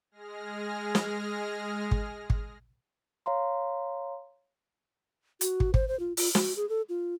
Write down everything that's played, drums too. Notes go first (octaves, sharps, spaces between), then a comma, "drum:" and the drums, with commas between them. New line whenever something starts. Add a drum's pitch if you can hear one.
G#3 G#4 F6 A#6
drum: snare
drum: kick
drum: kick
C#5 F5 A#5 C6
F#4, drum: hi-hat
drum: kick
C5, drum: kick
C5
F4
F4, drum: open hi-hat
F#4, drum: snare
G#4
A4
F4